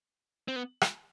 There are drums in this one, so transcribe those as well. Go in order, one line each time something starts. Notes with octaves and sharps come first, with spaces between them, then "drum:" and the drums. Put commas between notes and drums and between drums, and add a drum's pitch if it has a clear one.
C4
B3
drum: rim click